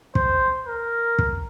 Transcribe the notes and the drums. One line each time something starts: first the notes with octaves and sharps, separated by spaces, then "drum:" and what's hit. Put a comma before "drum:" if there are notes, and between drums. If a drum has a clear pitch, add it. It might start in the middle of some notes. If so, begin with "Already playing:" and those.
C5, drum: kick
A#4
drum: kick